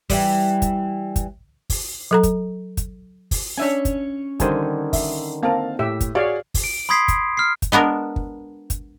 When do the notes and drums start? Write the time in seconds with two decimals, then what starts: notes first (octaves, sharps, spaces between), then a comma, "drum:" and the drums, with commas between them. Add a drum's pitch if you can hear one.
0.10 E3 G3, drum: kick, open hi-hat
0.62 drum: kick, hi-hat
1.16 drum: kick, hi-hat
1.70 drum: kick, open hi-hat
2.11 F#3 A4 A#5
2.23 drum: kick, hi-hat
2.77 drum: kick, hi-hat
3.31 drum: kick, open hi-hat
3.58 C#4 D4 C#5 E5 G#5
3.85 drum: kick, hi-hat
4.40 D3 D#3 G3 C5 G#5, drum: kick, hi-hat
4.93 E5, drum: kick, open hi-hat
5.43 A#3 C4 A#4 F5 A5
5.79 A2 G4 E5
6.01 drum: kick, hi-hat
6.15 F#4 G#4 C#5 D5 F5
6.54 drum: kick, open hi-hat
6.64 D7
6.89 B5 C6 D#6 G#6 B6 C7
7.08 drum: kick, hi-hat
7.37 F6 C7
7.62 drum: kick, hi-hat
7.72 G#3 B3 D4 A#4
8.16 drum: kick
8.70 drum: kick, hi-hat